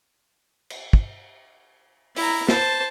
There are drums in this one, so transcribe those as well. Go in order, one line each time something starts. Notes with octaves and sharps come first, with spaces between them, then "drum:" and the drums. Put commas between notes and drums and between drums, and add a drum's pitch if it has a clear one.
drum: cymbal
drum: kick
E4 A#5, drum: open hi-hat
C5 A5, drum: snare